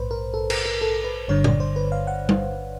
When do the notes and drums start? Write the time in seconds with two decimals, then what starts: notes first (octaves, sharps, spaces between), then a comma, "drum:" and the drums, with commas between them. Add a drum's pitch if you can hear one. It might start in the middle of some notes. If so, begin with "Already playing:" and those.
Already playing: A#1 G#2 B4 C5
0.11 A#4
0.34 A4
0.50 A#4, drum: cymbal
0.66 A#4
0.81 A4
1.04 B4
1.28 G1 G2 D3 C#5
1.44 D5, drum: tom A#2
1.60 C5
1.76 B4
1.92 F5
2.07 F#5
2.29 drum: tom G3